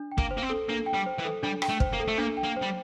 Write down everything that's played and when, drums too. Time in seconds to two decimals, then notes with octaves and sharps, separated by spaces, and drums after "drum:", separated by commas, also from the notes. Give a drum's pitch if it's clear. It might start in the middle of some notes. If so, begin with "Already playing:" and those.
Already playing: D4
0.12 G5
0.18 A#3, drum: kick
0.31 C5
0.37 A#3
0.42 C4
0.50 A4
0.69 A#3 D4
0.86 G5
0.93 G3
1.06 C5
1.18 E3
1.25 A4
1.43 G3 D4
1.62 G5, drum: rim click
1.69 A3
1.80 C5, drum: kick
1.93 A#3
2.00 A4
2.08 A3
2.18 A#3 D4
2.37 G5
2.44 A#3
2.57 C5
2.62 G3